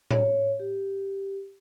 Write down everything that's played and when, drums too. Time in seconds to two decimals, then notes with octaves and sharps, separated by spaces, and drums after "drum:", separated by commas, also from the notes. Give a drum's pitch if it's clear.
0.11 C#5, drum: tom A2
0.60 G4